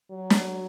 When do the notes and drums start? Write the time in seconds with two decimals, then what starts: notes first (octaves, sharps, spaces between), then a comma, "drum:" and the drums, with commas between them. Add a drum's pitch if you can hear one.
0.11 F#3
0.30 drum: snare